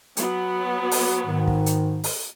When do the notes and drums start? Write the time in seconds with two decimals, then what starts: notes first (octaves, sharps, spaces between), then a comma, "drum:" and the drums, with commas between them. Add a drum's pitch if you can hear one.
0.17 F#3 B3, drum: hi-hat
0.91 drum: open hi-hat
1.25 G#2 D#3
1.48 drum: kick
1.66 drum: hi-hat
2.04 drum: open hi-hat